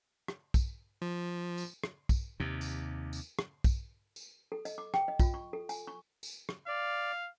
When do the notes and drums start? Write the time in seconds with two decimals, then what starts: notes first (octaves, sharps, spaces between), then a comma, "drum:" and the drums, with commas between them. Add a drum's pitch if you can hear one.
0.28 drum: rim click
0.54 drum: kick, tambourine
1.02 F3
1.58 drum: tambourine
1.84 drum: rim click
2.09 drum: kick, tambourine
2.40 D#2 C3
2.61 drum: tambourine
3.13 drum: tambourine
3.39 drum: rim click
3.64 drum: kick, tambourine
4.16 drum: tambourine
4.52 A4
4.65 D#5, drum: tambourine
4.78 D6
4.94 G5, drum: rim click
5.08 D#5
5.20 F4, drum: kick, tambourine
5.34 C#6
5.53 A4
5.69 G#5, drum: tambourine
5.87 C#6
6.23 drum: tambourine
6.49 drum: rim click
6.68 D5 F5